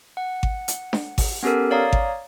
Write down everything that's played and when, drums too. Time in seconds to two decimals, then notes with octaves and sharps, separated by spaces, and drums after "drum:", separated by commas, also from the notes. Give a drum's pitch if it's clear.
0.17 F#5
0.43 drum: kick G#1
0.68 drum: hi-hat
0.93 drum: snare D4
1.18 drum: kick G#1, open hi-hat
1.43 B3 C#4 G4 A4 A#4
1.71 C#5 D5 F5 A#5 D#6
1.93 drum: kick G#1